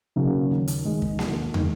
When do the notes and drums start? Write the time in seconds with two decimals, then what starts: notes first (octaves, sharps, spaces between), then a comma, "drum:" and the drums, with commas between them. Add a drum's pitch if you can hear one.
0.16 C#3 F#3 A#3
0.50 D#2
0.68 drum: hi-hat
0.85 D#3 G#3
1.02 drum: kick
1.19 D#2, drum: snare A#3
1.54 D#3 G#3, drum: tom